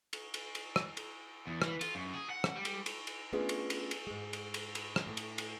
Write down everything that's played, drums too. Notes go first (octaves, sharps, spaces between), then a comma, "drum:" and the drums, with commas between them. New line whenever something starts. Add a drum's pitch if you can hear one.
drum: cymbal
drum: cymbal
drum: cymbal
drum: rim click
drum: cymbal
E2
E3, drum: rim click
F4, drum: cymbal
F#2
G#4
F#5
drum: rim click
G3
drum: cymbal
drum: cymbal
drum: cymbal
A3 B3 C#4 D4 F4 G#4
drum: cymbal
drum: cymbal
drum: cymbal
G#2 G#3
drum: cymbal
drum: cymbal
drum: cymbal
drum: rim click
A2 A3
drum: cymbal
drum: cymbal